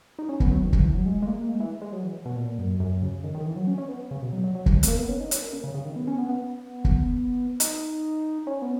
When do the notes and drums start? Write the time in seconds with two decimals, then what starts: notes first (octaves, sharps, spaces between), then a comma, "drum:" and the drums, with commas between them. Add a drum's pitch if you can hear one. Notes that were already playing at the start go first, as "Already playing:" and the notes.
0.19 D#4
0.29 C#4
0.40 B3, drum: kick
0.51 F#3
0.62 D#3
0.73 C#3, drum: kick
0.83 E3
0.94 F#3
1.06 G#3
1.22 G#3
1.27 A#3
1.49 G#3
1.60 E3
1.82 G#3
1.93 F#3
2.03 E3
2.26 B2
2.36 A#2
2.58 F#2
2.80 F#2
3.02 C#3
3.23 D#3
3.35 D#3
3.45 E3
3.56 F#3
3.67 C#4
3.78 C#4
3.89 B3
4.11 C#3
4.22 B2
4.33 F#3
4.44 F#3
4.55 F#3
4.66 E3, drum: kick
4.76 G#3
4.83 B3, drum: hi-hat
4.88 A#3
4.98 B3
5.08 C#4
5.20 D#4
5.31 C#4, drum: hi-hat
5.42 A#3
5.53 C#3
5.64 C#3
5.74 C#3
5.85 D#3
5.96 B3
6.07 C#4
6.18 B3
6.29 B3
6.85 drum: kick
7.60 D#4, drum: hi-hat
8.47 C#4
8.62 B3